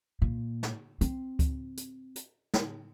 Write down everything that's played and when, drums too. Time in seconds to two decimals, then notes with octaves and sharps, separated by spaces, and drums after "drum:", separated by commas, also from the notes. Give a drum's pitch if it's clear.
0.22 A#2
0.63 drum: snare
1.01 C4, drum: hi-hat
1.39 drum: kick C#2, hi-hat
1.77 drum: hi-hat
2.15 drum: hi-hat
2.54 drum: snare